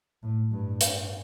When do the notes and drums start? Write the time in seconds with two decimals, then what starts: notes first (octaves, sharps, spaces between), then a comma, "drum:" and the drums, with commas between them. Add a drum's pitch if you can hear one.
0.23 A2
0.51 G2
0.81 drum: hi-hat